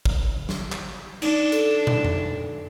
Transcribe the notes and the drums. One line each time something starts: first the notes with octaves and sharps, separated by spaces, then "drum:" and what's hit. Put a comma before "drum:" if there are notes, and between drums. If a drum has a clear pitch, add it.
drum: kick
drum: snare
drum: clap
D4 D#4, drum: cymbal
A4, drum: hi-hat
drum: tom
drum: tom F2